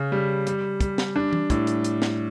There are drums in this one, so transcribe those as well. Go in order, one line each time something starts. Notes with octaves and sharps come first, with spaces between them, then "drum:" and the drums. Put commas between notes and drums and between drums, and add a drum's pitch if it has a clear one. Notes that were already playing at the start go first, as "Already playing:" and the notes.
Already playing: C#3
G3
G3, drum: hi-hat
G3, drum: kick, hi-hat
drum: snare
D4
drum: tom E3
A2, drum: kick, hi-hat
drum: hi-hat
drum: hi-hat
drum: snare